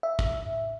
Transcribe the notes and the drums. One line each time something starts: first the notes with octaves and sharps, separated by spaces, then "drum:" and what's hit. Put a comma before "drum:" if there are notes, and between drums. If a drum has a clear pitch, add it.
E5
drum: kick